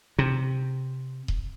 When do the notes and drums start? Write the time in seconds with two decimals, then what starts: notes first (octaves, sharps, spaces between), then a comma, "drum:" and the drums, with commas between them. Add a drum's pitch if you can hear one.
0.19 C3
1.28 drum: kick D#1